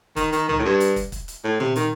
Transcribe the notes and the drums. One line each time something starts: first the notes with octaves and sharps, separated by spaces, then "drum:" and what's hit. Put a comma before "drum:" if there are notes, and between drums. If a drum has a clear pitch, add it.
D#3, drum: kick, hi-hat
D#3, drum: hi-hat
D#3, drum: tom C#2
A2
G2
drum: hi-hat
drum: kick, hi-hat
drum: kick, hi-hat
drum: hi-hat
A2
C3, drum: tom
D#3, drum: hi-hat